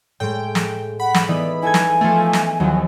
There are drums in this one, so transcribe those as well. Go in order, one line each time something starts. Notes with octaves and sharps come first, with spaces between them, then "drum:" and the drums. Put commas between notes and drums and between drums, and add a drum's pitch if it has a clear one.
A2 G#3 G5
drum: snare
F#5 B5
drum: snare
E3 B3 D#4 D5
E4 A4 G#5 G#6
drum: snare
F3 A3
drum: snare
D#2 F3 F#3